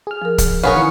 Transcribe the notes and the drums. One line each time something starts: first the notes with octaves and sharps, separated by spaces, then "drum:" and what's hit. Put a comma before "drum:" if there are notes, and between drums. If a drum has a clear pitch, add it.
G#4 F6
F3 A#4
drum: kick C#1, hi-hat
A#1 B3 C#4 A#4 F5 C#6 D#6
D#3 E3 C#7